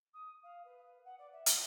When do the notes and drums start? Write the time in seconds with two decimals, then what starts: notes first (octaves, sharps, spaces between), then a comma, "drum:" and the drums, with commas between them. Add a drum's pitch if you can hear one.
0.13 D#6
0.43 F5
0.65 B4
1.04 F#5
1.18 D5
1.32 E5
1.46 drum: hi-hat